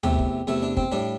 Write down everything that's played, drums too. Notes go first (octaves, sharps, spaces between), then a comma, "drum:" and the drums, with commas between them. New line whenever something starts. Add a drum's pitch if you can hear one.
E2 C3 A3 G4, drum: tom D2
drum: kick
E2 C3 A3 E4
D4
C4, drum: kick
A2 G3 D4